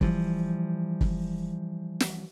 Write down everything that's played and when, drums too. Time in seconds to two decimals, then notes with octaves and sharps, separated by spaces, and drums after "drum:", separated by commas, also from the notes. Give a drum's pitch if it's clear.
0.01 E3 F3 G3, drum: kick
1.01 drum: kick
2.00 drum: snare